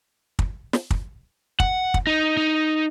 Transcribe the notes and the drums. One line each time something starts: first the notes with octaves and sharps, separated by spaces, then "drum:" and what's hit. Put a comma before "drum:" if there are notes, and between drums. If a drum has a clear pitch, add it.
drum: kick
drum: snare
drum: kick
F#5, drum: kick
drum: kick
D#4
D#4